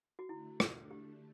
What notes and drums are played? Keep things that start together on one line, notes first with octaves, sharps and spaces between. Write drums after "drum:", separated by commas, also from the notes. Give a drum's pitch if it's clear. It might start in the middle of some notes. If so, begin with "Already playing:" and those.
F#4
D3 A3 D4 E4
drum: rim click
G4